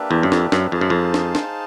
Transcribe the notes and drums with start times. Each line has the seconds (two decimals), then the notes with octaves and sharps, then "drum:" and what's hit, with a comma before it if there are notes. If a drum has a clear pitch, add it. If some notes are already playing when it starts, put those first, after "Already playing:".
Already playing: A#3 D4 G4 B4 E5
0.11 E2
0.23 F#2
0.32 F2, drum: snare
0.52 F#2, drum: snare
0.72 F2 D#4 G#4 C5 F5 A5
0.81 F#2
0.90 F2
1.14 drum: snare
1.35 drum: snare